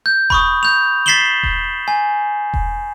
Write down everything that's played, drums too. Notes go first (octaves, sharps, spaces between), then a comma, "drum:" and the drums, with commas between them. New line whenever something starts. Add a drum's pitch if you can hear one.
G6
B5 C#6 D#6, drum: kick E1
G6 F7
A6 B6 C7 E7 F#7 G7
drum: kick E1
G#5
drum: kick E1